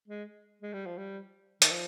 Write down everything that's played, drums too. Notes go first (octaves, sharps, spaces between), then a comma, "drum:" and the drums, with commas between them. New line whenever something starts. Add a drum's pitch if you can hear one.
G#3
G#3
G3
F3
G3
D#3, drum: hi-hat
F3